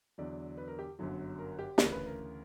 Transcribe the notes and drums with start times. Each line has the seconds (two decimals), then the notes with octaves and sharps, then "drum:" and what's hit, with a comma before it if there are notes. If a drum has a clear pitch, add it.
0.18 E2 D3 F#3 D5
0.57 B4
0.68 A#4
0.79 G4
0.99 G1 F#2 D3 F#3
1.39 A#4
1.59 G4
1.78 D2 C#3 E3 A#4, drum: snare
1.92 B4
2.06 A#4